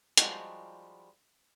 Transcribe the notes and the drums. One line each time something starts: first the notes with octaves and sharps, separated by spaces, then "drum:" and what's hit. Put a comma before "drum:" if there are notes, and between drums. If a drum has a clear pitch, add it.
F3 G3 G#3 D#4 F#4, drum: hi-hat